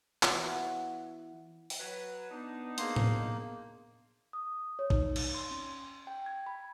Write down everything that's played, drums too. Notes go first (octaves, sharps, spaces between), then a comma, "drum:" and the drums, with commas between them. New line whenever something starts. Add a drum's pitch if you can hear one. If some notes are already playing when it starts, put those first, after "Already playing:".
E3 B3 F#4 C#5, drum: clap
drum: open hi-hat
F#3 B4
B3 D4 D#4
A#3 G#4 C6, drum: hi-hat
drum: tom A2
D#6
C#5
D#4, drum: kick
drum: cymbal
C6
C#4
G5
G#6
B5